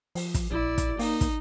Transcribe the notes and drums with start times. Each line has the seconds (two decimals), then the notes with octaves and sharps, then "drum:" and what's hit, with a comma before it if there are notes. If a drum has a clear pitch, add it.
0.15 F3, drum: open hi-hat
0.34 drum: kick, hi-hat
0.51 A#1 E4 D5
0.78 drum: kick, hi-hat
0.99 A#3 D#4, drum: open hi-hat
1.21 drum: kick, hi-hat